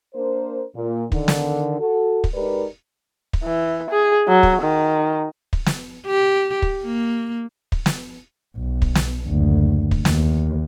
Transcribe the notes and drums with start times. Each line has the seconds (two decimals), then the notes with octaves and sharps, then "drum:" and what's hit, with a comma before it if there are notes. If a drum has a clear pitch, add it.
0.15 A#3 D4 A#4 C5
0.75 A#2
1.12 D3 D#3, drum: kick
1.28 drum: snare
1.80 F#4 A4
2.24 drum: kick
2.34 G#3 D#4 G4 A#4 B4 D5
3.33 drum: kick
3.44 E3
3.91 G#4
4.28 F#3
4.43 drum: kick
4.63 D#3
5.53 drum: kick
5.66 drum: snare
6.07 G4
6.62 drum: kick
6.84 A#3
7.72 drum: kick
7.86 drum: snare
8.56 B1
8.82 drum: kick
8.95 drum: snare
9.24 F#1 D2
9.91 drum: kick
10.05 D#2, drum: snare